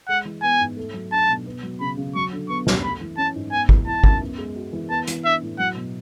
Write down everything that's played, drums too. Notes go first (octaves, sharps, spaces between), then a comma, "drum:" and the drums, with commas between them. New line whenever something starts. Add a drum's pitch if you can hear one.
G#3 F#5
E3
B3 G#5
G#2
A3
F#3
D4 A5
B2
B3
F#3
C#3 B5
C#3
F#3 C#6
D3
B3 C#6
F#2, drum: snare
A3 B5
E3
C#4 A5
G#2
B3 G#5
E3, drum: kick
E4 A5
F#2, drum: kick
B3
G#3
F#4
E3
B3 A5
E3, drum: hi-hat
D4 E5
A2
F#3 F#5
B2